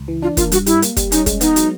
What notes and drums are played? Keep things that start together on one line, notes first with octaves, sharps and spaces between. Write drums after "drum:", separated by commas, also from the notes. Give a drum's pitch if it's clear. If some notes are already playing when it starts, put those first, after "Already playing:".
Already playing: C#2
E3
D4 F4
A#3 F4, drum: kick, hi-hat
G2 F#4, drum: hi-hat
G3 E4, drum: hi-hat
A#3, drum: hi-hat
G3, drum: kick, hi-hat
C#4 D#4, drum: hi-hat
G#3, drum: kick, hi-hat
B3 D#4, drum: hi-hat
F#3, drum: hi-hat